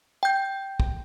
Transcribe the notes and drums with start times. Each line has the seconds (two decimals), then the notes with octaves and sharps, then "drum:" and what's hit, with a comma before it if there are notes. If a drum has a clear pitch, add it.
0.23 G5 G6
0.80 drum: kick